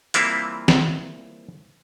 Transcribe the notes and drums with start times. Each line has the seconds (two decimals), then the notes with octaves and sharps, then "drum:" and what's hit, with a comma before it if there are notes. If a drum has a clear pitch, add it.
0.14 E3 G3 A#3 C4 E4 F4, drum: hi-hat
0.68 drum: snare